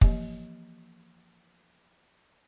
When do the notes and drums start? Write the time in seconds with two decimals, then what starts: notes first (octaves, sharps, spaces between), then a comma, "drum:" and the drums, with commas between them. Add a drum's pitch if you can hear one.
0.01 E3 F3 A#3 C4 G4 D#5, drum: kick